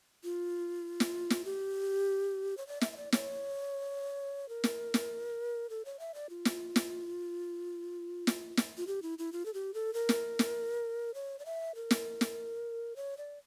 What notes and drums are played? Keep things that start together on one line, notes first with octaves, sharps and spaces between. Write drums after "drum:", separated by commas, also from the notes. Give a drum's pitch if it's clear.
F4
drum: snare
drum: snare
G4
C#5
D5
E5, drum: snare
E5
D5
C#5, drum: snare
A#4
drum: snare
drum: snare
A4
C#5
E5
D5
F4
drum: snare
drum: snare
drum: snare
drum: snare
F4
G4
E4
E4
F4
A4
G4
A4
A#4
drum: snare
drum: snare
C#5
D5
E5
A#4
drum: snare
drum: snare
C#5
D5